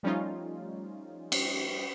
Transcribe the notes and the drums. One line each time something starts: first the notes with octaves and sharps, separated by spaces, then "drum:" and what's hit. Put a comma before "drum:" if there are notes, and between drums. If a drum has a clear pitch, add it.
F3 G3 A3 C#4 D#4 F4
drum: cymbal